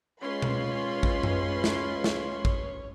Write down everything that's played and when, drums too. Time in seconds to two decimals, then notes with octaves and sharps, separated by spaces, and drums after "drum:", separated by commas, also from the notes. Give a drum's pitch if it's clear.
0.22 G#3 C#4 F4 B4 C#5 B5 C6
0.42 drum: tom B2
1.03 drum: kick
1.23 drum: tom F#2
1.64 drum: snare
2.04 drum: snare
2.45 drum: kick